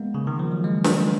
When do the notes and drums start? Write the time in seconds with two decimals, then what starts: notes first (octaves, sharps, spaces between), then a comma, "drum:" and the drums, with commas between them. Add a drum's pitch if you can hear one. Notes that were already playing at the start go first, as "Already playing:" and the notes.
Already playing: G#3 A#3 B3
0.14 C#3
0.27 D#3
0.39 F3
0.52 F#3
0.64 G#3
0.84 drum: snare